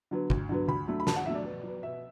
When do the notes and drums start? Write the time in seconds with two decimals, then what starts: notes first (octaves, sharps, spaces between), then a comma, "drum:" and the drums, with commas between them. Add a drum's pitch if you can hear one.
0.11 D3 F#3 B3
0.30 D2, drum: kick
0.49 D3 F#3 B3
0.68 D2 B5
0.88 D3 F#3 A3
1.00 B5
1.07 D2 A5, drum: snare
1.16 F#5
1.26 D3 F#3 A3 E5
1.35 D5
1.45 B2
1.63 F#3 B3
1.83 B2 E5